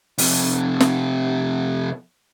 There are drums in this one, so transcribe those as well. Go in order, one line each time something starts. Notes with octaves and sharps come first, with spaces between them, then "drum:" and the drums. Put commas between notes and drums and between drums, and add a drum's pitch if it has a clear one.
F2 C3, drum: open hi-hat
drum: snare